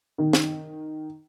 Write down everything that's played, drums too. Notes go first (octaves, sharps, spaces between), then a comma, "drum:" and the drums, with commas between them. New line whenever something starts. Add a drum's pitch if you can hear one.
D#3
drum: snare